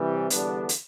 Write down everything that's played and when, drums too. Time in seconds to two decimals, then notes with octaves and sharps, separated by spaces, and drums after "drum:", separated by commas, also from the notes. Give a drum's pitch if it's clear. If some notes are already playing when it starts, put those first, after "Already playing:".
Already playing: C3 E3 G3
0.30 E2 D3 G3 B3 D4, drum: hi-hat
0.69 drum: hi-hat